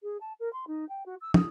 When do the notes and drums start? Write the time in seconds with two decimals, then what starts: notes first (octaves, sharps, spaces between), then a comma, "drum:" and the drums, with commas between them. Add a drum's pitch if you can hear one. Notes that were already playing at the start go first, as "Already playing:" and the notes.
0.03 G#4
0.20 A5
0.40 A#4
0.53 C6
0.67 D#4
0.89 G5
1.06 F#4
1.21 E6
1.34 D#6, drum: tom